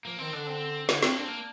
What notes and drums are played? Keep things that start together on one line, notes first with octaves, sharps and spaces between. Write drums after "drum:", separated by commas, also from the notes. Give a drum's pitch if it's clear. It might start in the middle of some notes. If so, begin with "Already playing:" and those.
F3 A#3
D#3 C4
D3 D4
C4
D3 A#3, drum: snare
A#3 C4, drum: snare
C4 D4
A#3